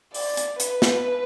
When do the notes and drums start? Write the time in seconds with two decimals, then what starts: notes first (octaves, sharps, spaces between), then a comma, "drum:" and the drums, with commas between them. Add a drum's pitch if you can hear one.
0.14 D5, drum: open hi-hat
0.37 drum: hi-hat
0.60 B4, drum: hi-hat
0.82 drum: snare